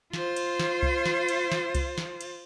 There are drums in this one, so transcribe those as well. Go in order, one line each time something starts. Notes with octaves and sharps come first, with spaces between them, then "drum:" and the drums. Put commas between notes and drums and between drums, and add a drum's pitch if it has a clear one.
F4 C5, drum: snare
drum: cymbal
drum: snare
drum: kick C2
drum: snare
drum: cymbal
drum: snare
drum: kick C2, cymbal
drum: snare
drum: cymbal